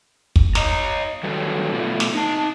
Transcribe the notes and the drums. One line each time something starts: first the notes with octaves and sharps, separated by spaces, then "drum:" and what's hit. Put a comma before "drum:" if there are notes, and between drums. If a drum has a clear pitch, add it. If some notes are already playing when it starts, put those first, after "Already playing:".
drum: kick
C#5 D#5 A#5, drum: snare
D#3 F#3 G3 A4 B4
B2 A3 B3 F4
drum: snare
D#4 A5